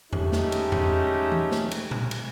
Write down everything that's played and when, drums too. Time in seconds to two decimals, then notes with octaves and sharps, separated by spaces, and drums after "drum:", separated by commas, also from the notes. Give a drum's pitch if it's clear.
0.13 G#3 A3 C#4 D#4 G4, drum: tom E2
0.32 drum: snare
0.52 drum: cymbal
0.72 drum: tom E2
1.32 drum: tom E3
1.52 drum: snare
1.71 drum: cymbal
1.91 drum: tom A#2
2.11 drum: cymbal